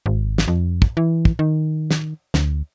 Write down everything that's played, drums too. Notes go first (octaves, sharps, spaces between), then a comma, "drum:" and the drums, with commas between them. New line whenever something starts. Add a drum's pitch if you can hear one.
G#1
drum: snare
F2
drum: kick
E3
drum: kick
D#3
drum: snare
D2, drum: snare